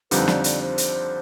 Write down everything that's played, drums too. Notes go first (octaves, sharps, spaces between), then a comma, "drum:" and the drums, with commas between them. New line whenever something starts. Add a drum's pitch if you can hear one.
F2 D3 G3 C4 D#4 B4, drum: hi-hat
D5, drum: snare
D5, drum: hi-hat
C5
drum: hi-hat